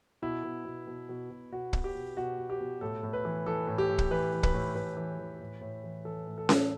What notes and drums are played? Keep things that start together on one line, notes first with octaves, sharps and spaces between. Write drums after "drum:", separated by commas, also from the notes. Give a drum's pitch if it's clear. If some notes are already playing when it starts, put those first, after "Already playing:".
B2 E4
B2
B2
B2
B2
B2
B2 F#4
B2, drum: kick
G4
B2
B2 F#4
B2
G4
B2
A2 A4
A2
B4
E3
E3 A4
A2
G4
A2
drum: kick
E3 B4
E3
B4, drum: kick
A2
A2 B4
E3
E3
A2
A2
E3
E3 A4
A2
A4
A2, drum: snare C#4